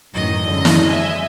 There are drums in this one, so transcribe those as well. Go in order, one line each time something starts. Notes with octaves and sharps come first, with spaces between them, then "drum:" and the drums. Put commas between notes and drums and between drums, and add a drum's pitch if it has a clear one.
F#2 A2 D#3 E3 D#5
F#2 D3 G#3
drum: snare
E5 G#5